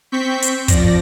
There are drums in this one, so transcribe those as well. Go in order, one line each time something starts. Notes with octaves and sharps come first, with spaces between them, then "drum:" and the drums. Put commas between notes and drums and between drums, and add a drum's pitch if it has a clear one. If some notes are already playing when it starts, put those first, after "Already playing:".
C4 C#6 G6 B6
drum: hi-hat
F3 D5 A#6, drum: kick, hi-hat